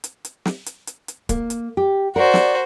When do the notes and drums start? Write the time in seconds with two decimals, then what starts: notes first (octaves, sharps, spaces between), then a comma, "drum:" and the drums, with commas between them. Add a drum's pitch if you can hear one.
0.04 drum: hi-hat
0.25 drum: hi-hat
0.45 drum: snare
0.66 drum: hi-hat
0.87 drum: hi-hat
1.08 drum: hi-hat
1.29 A#3, drum: kick, hi-hat
1.50 drum: hi-hat
1.77 G4
2.16 F#4 A#4 C5 D5
2.34 drum: snare